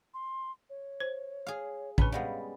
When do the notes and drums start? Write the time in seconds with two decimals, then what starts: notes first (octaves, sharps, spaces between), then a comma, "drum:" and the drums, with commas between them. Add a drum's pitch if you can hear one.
0.14 C6
0.70 C#5
1.00 C5
1.47 G#4 F5
1.98 C#4 D4 B4 B5, drum: kick A#1
2.12 G3 G#3 B3 F5